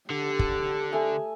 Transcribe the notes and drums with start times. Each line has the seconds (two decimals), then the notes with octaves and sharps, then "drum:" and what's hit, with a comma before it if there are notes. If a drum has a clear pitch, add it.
0.11 D3 G4
0.39 drum: kick
0.91 A3 G#5 D#6